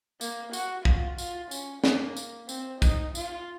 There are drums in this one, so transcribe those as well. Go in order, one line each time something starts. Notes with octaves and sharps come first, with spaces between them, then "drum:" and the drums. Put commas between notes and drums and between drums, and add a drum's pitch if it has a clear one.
A#3, drum: tambourine
F#4, drum: tambourine
F4, drum: kick
F4, drum: tambourine
C#4, drum: tambourine
A#3, drum: snare
drum: tambourine
C4, drum: tambourine
D#4, drum: kick, tambourine
F4, drum: tambourine